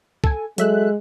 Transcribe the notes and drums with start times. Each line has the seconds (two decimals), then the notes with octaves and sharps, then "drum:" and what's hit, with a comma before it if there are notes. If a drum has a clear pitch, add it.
0.24 A4 G#5, drum: kick C2
0.58 F#3 G#3 A4 E5 F#6, drum: hi-hat